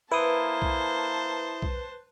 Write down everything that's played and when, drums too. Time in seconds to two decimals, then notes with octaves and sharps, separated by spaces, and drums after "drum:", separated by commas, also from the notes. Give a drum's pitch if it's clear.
0.11 A#3 E4 B4 C5 A5 D#6
0.62 drum: kick B1
1.62 drum: kick B1